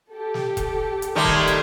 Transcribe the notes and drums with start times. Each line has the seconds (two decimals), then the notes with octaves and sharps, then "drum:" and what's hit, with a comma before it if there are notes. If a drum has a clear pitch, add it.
0.11 G4 A4
0.34 drum: snare
0.57 drum: kick E1, hi-hat
1.02 drum: hi-hat
1.15 D#3 G3 A3 C6 G#6
1.25 drum: kick E1
1.48 drum: hi-hat